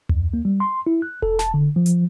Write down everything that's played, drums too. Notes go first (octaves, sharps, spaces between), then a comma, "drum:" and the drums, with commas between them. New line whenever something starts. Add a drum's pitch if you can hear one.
F2, drum: tom D2
A#3
G3
C6
E4
F#6
A4, drum: kick E1
A5, drum: snare
D3
F3
drum: hi-hat